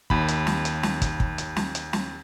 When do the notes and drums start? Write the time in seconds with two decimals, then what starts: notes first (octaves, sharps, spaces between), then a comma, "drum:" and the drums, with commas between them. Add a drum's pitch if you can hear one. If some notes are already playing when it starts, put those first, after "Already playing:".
0.10 D#2 B5, drum: kick
0.28 drum: hi-hat
0.47 drum: snare
0.65 drum: hi-hat
0.83 drum: snare
1.02 drum: kick, hi-hat
1.20 drum: kick
1.38 drum: hi-hat
1.56 drum: snare
1.75 drum: hi-hat
1.93 drum: snare